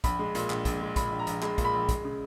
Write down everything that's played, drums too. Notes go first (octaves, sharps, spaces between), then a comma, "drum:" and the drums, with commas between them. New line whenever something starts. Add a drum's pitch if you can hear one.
A#1 B5, drum: kick, hi-hat
G#3
A#2, drum: hi-hat
A#1, drum: clap
A#1, drum: kick, hi-hat
G#3
A#2 B5, drum: kick, hi-hat
A#1
A#5
A#1, drum: hi-hat
G#3 B5, drum: clap
A#2, drum: kick, hi-hat
B5
A#1
G#3, drum: kick, hi-hat
C#3